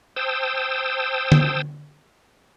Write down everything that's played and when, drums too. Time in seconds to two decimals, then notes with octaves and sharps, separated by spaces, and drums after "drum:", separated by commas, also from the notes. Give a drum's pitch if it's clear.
0.16 C5 G5 A5 D#6 E6
1.32 drum: tom D3